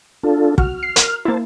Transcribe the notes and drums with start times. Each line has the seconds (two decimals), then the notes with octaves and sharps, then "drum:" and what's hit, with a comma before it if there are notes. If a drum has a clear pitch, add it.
0.23 D4 F4 A4
0.58 F#4 F6, drum: kick
0.83 C7
0.96 A#4, drum: hi-hat
1.25 A#3 E4 C5 A5